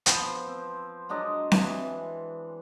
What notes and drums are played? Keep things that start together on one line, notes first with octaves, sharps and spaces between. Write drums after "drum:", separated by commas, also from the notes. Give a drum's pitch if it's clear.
F3 B3 C5, drum: hi-hat
C4
F#3 G#3 D4 D#5
drum: snare C4
E3